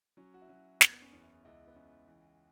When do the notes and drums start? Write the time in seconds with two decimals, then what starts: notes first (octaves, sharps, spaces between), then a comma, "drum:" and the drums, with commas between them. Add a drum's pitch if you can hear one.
0.17 F#3 C#4
0.34 F#4
0.41 E4
0.49 F#3 C#4
0.81 F#1 B3, drum: snare
0.92 B3
1.02 C#4
1.12 E2 C#4
1.23 E4
1.44 C#2 E4
1.67 B3
1.76 C#2 C#4
2.08 E3